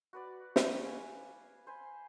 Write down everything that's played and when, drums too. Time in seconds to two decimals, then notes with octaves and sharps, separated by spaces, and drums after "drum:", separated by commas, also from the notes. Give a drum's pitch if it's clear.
0.13 F#4 B4 D5
0.56 drum: snare
0.84 B4 F5 G#5
1.67 C5 G#5 B5